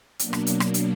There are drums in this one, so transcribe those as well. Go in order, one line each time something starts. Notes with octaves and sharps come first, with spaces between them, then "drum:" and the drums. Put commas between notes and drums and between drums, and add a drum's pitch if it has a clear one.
B2 F#3 A#3 D4, drum: hi-hat
drum: rim click
drum: hi-hat
drum: rim click
drum: hi-hat